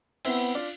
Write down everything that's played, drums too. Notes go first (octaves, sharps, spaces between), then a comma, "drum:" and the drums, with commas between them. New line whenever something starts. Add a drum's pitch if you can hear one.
B3 C4 E4, drum: cymbal
D4 F4